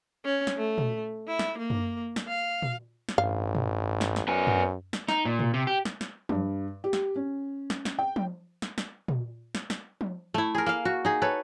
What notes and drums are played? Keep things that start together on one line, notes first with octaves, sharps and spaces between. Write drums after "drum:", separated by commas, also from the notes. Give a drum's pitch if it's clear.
C#4
drum: snare
A3
drum: tom A#2
E4
drum: snare
A#3
drum: tom F#2
drum: snare
F5
drum: tom A#2
drum: snare
A1 G2 F5
drum: tom A#2
drum: snare
drum: snare
F#2 B3 G#5
drum: tom F#2
drum: snare
D#4, drum: snare
A#2
drum: tom A#2
C3
G4
drum: snare
drum: snare
G2, drum: tom F3
G4
drum: snare
C#4
drum: snare
drum: snare
G5
drum: tom F3
drum: snare
drum: snare
drum: tom A#2
drum: snare
drum: snare
drum: tom F3
A3 E4
G#4 A#4
A#3 F5
F#4
D#4 G#4
A4 B4 C#5